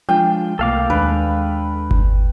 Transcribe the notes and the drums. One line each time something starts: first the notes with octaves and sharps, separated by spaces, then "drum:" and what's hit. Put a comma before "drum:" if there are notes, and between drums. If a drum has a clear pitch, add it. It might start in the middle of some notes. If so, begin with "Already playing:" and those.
F3 G#3 D4 F4 G5
C2 B2 A3 A#3 A4 F5 D6
D#2 G#3 D4 B4
drum: kick G1